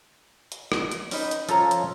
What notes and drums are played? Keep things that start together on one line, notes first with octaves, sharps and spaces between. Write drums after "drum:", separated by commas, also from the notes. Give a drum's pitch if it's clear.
drum: hi-hat
drum: rim click
drum: hi-hat
C#4 D#4 B4, drum: open hi-hat
drum: hi-hat
F3 C#4 F4 A4 C#5 A#5, drum: hi-hat
drum: hi-hat